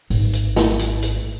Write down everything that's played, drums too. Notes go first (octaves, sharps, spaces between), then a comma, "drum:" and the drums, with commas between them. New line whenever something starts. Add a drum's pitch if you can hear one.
G#1, drum: open hi-hat
drum: hi-hat
drum: snare
drum: hi-hat
drum: hi-hat